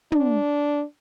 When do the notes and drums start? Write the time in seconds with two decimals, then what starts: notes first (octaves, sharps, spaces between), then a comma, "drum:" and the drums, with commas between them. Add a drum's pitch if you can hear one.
0.12 D4, drum: tom